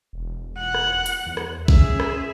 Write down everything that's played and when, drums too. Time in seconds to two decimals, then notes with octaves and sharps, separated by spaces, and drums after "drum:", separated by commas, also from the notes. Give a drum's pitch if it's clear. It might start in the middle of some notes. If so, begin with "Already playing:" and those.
0.13 E1
0.58 F#5
0.74 drum: rim click
1.06 drum: hi-hat
1.26 E2
1.37 drum: rim click
1.68 C#4 G#4 E5, drum: kick A#1
2.00 drum: rim click